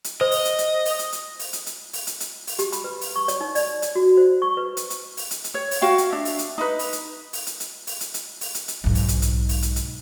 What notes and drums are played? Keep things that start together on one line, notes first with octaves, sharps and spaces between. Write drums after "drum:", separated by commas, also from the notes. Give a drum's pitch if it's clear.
drum: hi-hat
C5 D#5
drum: open hi-hat
drum: hi-hat
drum: hi-hat
drum: open hi-hat
drum: hi-hat
drum: hi-hat
drum: open hi-hat
drum: hi-hat
drum: hi-hat
drum: open hi-hat
drum: hi-hat
drum: hi-hat
drum: open hi-hat
G4, drum: hi-hat
B5, drum: hi-hat
B4
drum: open hi-hat
C#6
C#5, drum: hi-hat
D#4
D5, drum: open hi-hat
drum: hi-hat
F#4
C5
C#6
B4
drum: hi-hat
drum: hi-hat
drum: open hi-hat
drum: hi-hat
drum: hi-hat
C#5
drum: open hi-hat
F#4 F5 G5
drum: hi-hat
D4 E5
drum: open hi-hat
drum: hi-hat
D#4 B4
drum: open hi-hat
drum: hi-hat
drum: open hi-hat
drum: hi-hat
drum: hi-hat
drum: open hi-hat
drum: hi-hat
drum: hi-hat
drum: open hi-hat
drum: hi-hat
drum: hi-hat
B1 G#2
drum: open hi-hat
drum: hi-hat
drum: hi-hat
drum: open hi-hat
drum: hi-hat
drum: hi-hat